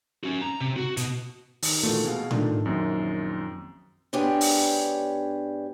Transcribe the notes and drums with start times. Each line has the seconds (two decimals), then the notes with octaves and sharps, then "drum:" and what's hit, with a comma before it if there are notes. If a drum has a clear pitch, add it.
0.24 C#4 F#4
0.42 A#5
0.60 C3
0.76 F#4
0.97 B2, drum: hi-hat
1.62 D#3, drum: open hi-hat
1.83 A#2 D#3 E3 A3 F#4
2.04 B2 G#4 F5
2.31 D#3 F3 A3 D4, drum: tom A2
2.65 A#1 F#2 D#3 C4
4.13 G#2 B3 D4 G4 C#5
4.41 drum: open hi-hat